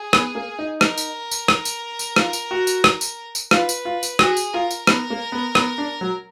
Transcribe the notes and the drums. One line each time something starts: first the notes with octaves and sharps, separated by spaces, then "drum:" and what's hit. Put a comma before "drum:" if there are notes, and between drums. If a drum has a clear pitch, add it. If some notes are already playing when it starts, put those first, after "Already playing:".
Already playing: G#4
B3, drum: rim click
A#3
D#4
A#4, drum: rim click
drum: tambourine
drum: tambourine
drum: rim click
drum: tambourine
drum: tambourine
F4, drum: rim click
drum: tambourine
F#4
drum: tambourine
drum: rim click
drum: tambourine
drum: tambourine
F4 B4, drum: rim click
drum: tambourine
F4
drum: tambourine
F#4 G#4, drum: rim click
drum: tambourine
F4 A#4
drum: tambourine
B3 A#4, drum: rim click
A#3
B3
B3, drum: rim click
D4
F#3